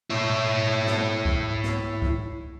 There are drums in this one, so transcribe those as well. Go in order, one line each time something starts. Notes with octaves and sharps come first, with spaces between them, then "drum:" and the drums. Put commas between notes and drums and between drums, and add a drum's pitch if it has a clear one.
E4 C#5
drum: snare
drum: kick C2
drum: snare
drum: kick C2